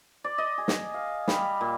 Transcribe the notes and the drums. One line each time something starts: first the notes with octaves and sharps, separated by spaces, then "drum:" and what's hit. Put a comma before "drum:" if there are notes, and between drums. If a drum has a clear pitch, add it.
D5
D#5
G#4
drum: snare
F5
G3, drum: snare
A#2